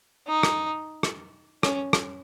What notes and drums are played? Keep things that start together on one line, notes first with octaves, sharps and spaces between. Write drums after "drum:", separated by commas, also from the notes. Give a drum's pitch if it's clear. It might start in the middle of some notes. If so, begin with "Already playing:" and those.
D#4
drum: rim click
drum: rim click
C#4, drum: rim click
drum: rim click